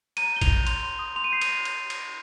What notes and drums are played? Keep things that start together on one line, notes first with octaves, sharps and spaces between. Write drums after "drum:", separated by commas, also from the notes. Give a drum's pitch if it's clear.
A#5 D#7, drum: cymbal
G6 G7
F7, drum: kick A1, cymbal
G6
C6 F7, drum: cymbal
C6
D#6
C6 F7
D#7
G6 C7
D#7, drum: cymbal
drum: cymbal
drum: cymbal